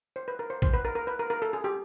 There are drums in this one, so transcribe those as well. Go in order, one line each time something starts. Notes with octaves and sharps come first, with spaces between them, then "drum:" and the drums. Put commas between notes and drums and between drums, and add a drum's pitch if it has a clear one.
C5
B4
A#4
C5
C5, drum: kick
B4
A#4
A#4
B4
A#4
A#4
A4
G#4
G4